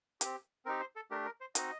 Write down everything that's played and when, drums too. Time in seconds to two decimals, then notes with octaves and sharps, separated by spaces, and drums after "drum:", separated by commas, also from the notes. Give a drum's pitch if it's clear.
0.21 C4 G4, drum: hi-hat
0.65 C4 D#4 G4 A#4
0.80 C5
0.96 A4
1.11 A3 D4 G4 A#4
1.25 A#4
1.41 C5
1.55 C4 D#4 F#4 D#5, drum: hi-hat